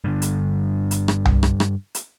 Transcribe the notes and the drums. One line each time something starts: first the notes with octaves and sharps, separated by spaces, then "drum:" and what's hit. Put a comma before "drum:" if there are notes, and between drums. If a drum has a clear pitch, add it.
G2 D3
drum: hi-hat
drum: hi-hat
drum: rim click
drum: tom C2
drum: rim click
drum: rim click
drum: hi-hat